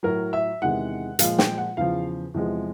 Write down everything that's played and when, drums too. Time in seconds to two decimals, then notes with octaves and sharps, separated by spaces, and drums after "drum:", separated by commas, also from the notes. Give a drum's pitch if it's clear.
0.03 A2 F#3 A#4
0.33 E5
0.62 E2 C3 D#3 G#3 F#5
1.19 A#2 F3 G#3 F5, drum: hi-hat
1.38 G5, drum: snare
1.58 F#5
1.77 E2 C#3 F3 F5
2.34 E2 C3 F3 G#3